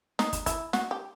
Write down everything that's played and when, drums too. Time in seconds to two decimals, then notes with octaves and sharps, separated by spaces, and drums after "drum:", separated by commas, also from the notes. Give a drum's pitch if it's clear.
0.19 D#4, drum: snare
0.33 drum: kick, hi-hat
0.46 E4, drum: kick, hi-hat
0.73 F#4, drum: snare
0.91 G4